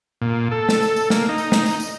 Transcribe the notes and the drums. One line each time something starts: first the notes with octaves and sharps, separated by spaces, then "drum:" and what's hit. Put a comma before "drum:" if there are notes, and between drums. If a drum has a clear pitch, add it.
A#2
A4
drum: snare
drum: tambourine
drum: tambourine
A#3, drum: snare
D#4
drum: tambourine
drum: snare
drum: tambourine
drum: tambourine